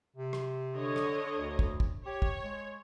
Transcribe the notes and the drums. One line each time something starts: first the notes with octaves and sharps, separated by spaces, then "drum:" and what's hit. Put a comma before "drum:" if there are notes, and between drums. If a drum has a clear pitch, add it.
C3
drum: rim click
D3 C#5 D#5
drum: rim click
D2
drum: kick
drum: kick
G4 C#5
drum: kick
G#3